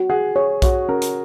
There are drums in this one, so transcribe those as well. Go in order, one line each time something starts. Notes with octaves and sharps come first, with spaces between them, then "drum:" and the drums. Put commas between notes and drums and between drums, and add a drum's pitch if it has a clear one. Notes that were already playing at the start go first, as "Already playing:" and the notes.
Already playing: F#4
G#4 F#5
G#4 C#5
F#4 C#5, drum: kick B1, hi-hat
C#4 A#4
drum: hi-hat